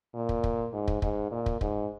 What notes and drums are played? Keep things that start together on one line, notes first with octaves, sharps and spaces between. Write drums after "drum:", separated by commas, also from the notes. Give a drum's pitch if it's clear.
A#2
drum: kick
drum: kick
G#2
drum: kick
G#2, drum: kick
A#2
drum: kick
G#2, drum: kick